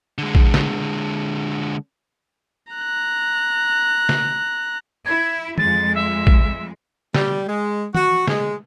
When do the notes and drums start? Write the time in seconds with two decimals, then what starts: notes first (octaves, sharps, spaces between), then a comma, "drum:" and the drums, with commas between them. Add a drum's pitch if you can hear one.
0.18 D3 G#3
0.35 drum: kick
0.54 drum: snare
2.72 A#5 F#6
4.09 drum: snare
5.05 E4 G#6
5.58 F2 G#3 A6, drum: tom
5.95 E5
6.27 drum: kick
7.14 G3, drum: snare
7.47 G#3
7.95 F#4, drum: tom
8.27 G#3, drum: snare